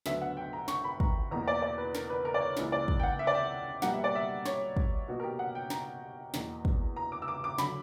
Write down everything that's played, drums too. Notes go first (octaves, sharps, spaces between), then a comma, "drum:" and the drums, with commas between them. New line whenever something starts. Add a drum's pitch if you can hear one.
D2 D3 F#3 B3 E5, drum: snare
F#5
G5
A#5
C#6, drum: snare
B5
A#5, drum: kick
E2 B2 A#3 A#5
D5
D5
B4
A#4, drum: snare
B4
A#4
D5
C#5
C#2 C#3 E3 A#3, drum: snare
D5
drum: kick
G5
F#5
E5
D5
E5
B2 G3 A#3 F#5, drum: snare
E5
D5
E5
C#5, drum: snare
drum: kick
B2 A#3 F#4
A#4
G4
F#5
G5
A#5, drum: snare
E2 B2 A#3, drum: snare
drum: kick
A#5
D6
E6
D6
D6
D3 F#3 B5, drum: snare